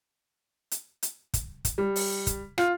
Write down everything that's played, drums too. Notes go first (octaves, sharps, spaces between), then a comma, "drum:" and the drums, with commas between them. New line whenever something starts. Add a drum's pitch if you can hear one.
drum: hi-hat
drum: hi-hat
drum: kick, hi-hat
drum: kick, hi-hat
G3
drum: open hi-hat
drum: kick, hi-hat
F4, drum: rim click